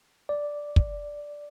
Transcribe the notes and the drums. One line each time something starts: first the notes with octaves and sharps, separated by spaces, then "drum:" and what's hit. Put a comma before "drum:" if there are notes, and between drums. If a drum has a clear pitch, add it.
D5
drum: kick